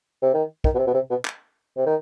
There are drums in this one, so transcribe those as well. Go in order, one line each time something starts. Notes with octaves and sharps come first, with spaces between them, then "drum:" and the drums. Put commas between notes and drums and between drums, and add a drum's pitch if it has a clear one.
C3
D#3
D#3, drum: kick
B2
C3
B2
C3
B2
drum: clap
C3
D#3